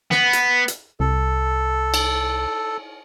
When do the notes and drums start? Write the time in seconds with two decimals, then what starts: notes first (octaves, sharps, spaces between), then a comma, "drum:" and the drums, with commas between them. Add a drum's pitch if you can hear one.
0.11 B3, drum: snare
0.33 drum: hi-hat
0.68 drum: hi-hat
1.00 C2 A4
1.94 drum: cymbal